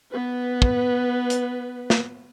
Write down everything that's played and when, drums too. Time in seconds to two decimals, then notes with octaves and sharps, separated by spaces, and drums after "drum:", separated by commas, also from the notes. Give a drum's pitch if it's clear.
0.12 B3 B4
0.62 drum: kick
1.30 drum: hi-hat
1.90 drum: snare